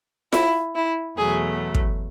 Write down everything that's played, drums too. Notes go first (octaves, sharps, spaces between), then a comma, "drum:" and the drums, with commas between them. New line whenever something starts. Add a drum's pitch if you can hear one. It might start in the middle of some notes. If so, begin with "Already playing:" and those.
E4, drum: snare F4
E4
E2 B2 F#3 A3 G#4
drum: kick